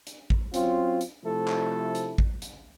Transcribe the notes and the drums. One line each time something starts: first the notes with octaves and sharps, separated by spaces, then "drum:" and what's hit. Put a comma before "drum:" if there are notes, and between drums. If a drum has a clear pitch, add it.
drum: hi-hat
drum: kick A1
F#3 C4 C#4 F4, drum: hi-hat
drum: hi-hat
C3 F3 A3 E4 A4
drum: clap
drum: hi-hat
drum: kick A1
drum: hi-hat